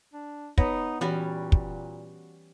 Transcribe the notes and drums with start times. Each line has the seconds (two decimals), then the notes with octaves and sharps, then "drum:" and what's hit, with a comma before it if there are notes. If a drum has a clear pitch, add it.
0.14 D4
0.58 B3 D#4 C#5, drum: kick
1.01 A#2 E3 G3 C#4 F#4 B5
1.52 drum: kick